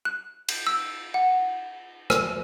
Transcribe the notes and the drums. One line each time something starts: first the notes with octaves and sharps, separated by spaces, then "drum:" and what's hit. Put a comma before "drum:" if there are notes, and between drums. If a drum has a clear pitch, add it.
F#6
drum: cymbal
E6
F#5
E6, drum: rim click